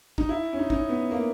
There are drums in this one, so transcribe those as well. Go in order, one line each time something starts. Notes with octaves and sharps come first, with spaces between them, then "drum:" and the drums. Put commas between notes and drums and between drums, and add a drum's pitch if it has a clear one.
D#4, drum: kick
E4
C#4
D#4
D#4, drum: kick
C#4
B3
A#3